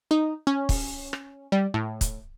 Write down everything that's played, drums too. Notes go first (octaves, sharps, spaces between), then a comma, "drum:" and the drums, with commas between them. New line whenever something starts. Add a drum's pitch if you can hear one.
D#4
C#4
drum: kick, open hi-hat
drum: rim click
G3
A2
drum: kick, hi-hat